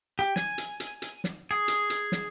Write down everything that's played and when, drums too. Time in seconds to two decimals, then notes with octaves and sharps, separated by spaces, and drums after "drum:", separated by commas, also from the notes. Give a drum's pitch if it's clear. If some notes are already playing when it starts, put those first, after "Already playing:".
0.19 G4
0.36 G#5, drum: snare
0.58 drum: hi-hat
0.80 drum: hi-hat
1.02 drum: hi-hat
1.24 drum: snare
1.51 G#4
1.68 drum: hi-hat
1.90 drum: hi-hat
2.12 drum: snare